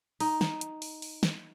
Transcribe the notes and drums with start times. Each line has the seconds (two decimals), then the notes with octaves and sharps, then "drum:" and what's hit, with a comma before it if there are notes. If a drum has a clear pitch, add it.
0.20 D#4, drum: open hi-hat
0.41 drum: snare
0.61 drum: hi-hat
0.82 drum: open hi-hat
1.02 drum: open hi-hat
1.23 drum: snare